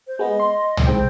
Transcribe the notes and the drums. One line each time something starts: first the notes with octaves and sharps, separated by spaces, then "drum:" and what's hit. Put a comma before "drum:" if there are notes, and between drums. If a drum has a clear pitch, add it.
C5
G#3 B3 D#5
C6
drum: tom
C2 G#2 C4 G5